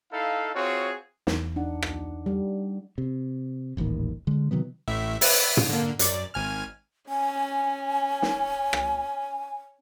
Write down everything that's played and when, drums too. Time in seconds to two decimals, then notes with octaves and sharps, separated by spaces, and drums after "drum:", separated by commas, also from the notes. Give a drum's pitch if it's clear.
0.13 D#4 E4 A4 F5
0.55 C4 F4 F#4 G#4 C#5
1.27 E2, drum: snare
1.56 D4 D#4 F#5
1.82 drum: rim click
2.26 G3
2.98 C3
3.77 D#1 A1 D#2 D#3
4.27 D3 G#3
4.51 C3 D#3 F#3 B3
4.88 A1 A2 E5
5.21 B4 E5 F#6, drum: open hi-hat
5.57 drum: tom
5.69 D3 A#3
5.99 F#2 D5, drum: hi-hat
6.34 G#1 G#5 F6
7.09 C#4 G#5
8.22 drum: snare
8.73 drum: rim click